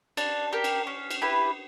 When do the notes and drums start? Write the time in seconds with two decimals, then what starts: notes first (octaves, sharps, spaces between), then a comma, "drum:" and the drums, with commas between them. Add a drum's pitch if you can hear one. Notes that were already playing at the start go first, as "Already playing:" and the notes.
0.17 D4, drum: cymbal
0.53 G4 A#4
0.64 drum: cymbal
0.87 C#4
1.11 drum: cymbal
1.22 E4 G4 B4